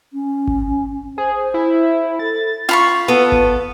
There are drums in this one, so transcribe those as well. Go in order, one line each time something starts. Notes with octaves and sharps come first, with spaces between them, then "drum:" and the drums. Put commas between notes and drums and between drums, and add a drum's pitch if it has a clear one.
C#4
drum: kick G#1
G#4 C5
C5
E4
A4 A6
F4 B5 C#6
B3 A4
drum: kick G#1